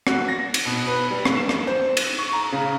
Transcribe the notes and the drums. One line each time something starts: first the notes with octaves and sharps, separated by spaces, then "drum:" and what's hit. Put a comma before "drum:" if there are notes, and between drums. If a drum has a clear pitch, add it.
F#4, drum: rim click
A#6
drum: cymbal
B2
B4
G3
drum: rim click
E7
drum: rim click
C5
drum: cymbal
C#6
A#5
C#3